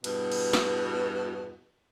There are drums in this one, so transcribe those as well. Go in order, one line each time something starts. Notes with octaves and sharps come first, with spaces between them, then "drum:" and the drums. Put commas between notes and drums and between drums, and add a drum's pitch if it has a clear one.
E2 G2 B2, drum: cymbal
drum: cymbal
drum: snare